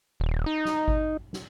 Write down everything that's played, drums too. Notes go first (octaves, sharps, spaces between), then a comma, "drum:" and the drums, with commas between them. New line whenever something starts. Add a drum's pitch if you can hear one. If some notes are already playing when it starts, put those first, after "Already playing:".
D#1
D#4
drum: snare
drum: kick G#1
drum: snare